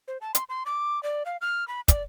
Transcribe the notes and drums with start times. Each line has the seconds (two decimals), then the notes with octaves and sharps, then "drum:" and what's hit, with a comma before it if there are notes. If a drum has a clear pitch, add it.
0.08 C5
0.21 A5
0.35 C6, drum: hi-hat
0.49 C6
0.66 D6
1.03 D5
1.26 F5
1.41 F6
1.68 B5
1.88 D5, drum: kick, hi-hat